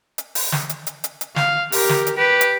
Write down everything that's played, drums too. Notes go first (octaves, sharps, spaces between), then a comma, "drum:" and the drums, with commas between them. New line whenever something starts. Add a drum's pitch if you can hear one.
drum: hi-hat
drum: open hi-hat
drum: snare
drum: hi-hat
drum: hi-hat
drum: hi-hat
drum: hi-hat
F5, drum: snare
G4 A#4, drum: open hi-hat
drum: snare
drum: hi-hat
G4 B4
drum: hi-hat